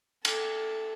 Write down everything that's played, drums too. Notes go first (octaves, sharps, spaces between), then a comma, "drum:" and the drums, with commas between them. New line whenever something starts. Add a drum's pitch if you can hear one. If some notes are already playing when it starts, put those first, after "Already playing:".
A4, drum: cymbal